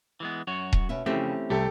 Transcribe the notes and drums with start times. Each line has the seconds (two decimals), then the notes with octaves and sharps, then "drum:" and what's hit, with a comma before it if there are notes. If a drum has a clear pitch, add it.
0.20 E3 G#3 B3
0.47 F#2 F#4 C#5
0.73 drum: kick D#1
0.89 B2 C#4 E5
1.06 F2 C#3 E3 A3 C4 C#4 G4 E5
1.50 C2 A3 G4 A4